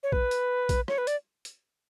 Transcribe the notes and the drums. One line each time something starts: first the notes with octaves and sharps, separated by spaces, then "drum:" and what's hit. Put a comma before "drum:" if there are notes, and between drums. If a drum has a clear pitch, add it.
C#5
B4, drum: kick A#1
drum: hi-hat
drum: kick A#1, hi-hat
C#5, drum: rim click
B4
D5, drum: hi-hat
drum: hi-hat